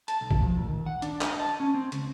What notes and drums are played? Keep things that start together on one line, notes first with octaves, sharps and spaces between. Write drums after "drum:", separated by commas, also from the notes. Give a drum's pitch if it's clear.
A5, drum: hi-hat
B1
drum: kick A1
F3
A#2
D#3
F#5
D4, drum: hi-hat
D#5, drum: clap
A5
C#4
C4
C#2, drum: hi-hat